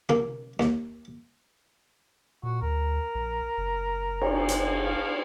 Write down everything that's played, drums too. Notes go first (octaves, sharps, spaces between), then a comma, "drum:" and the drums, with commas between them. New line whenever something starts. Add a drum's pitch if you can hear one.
A#3, drum: tom
D#2, drum: snare
A#2 F#4
D2 A#4
A#1
F#1
drum: cymbal
drum: hi-hat
F5